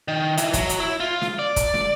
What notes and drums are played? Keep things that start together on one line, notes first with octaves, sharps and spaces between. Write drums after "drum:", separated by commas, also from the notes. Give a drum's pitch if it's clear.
D#3
E3, drum: hi-hat
F#3, drum: kick, hi-hat
drum: hi-hat
E4
F4
drum: snare
D5
drum: kick, hi-hat
drum: snare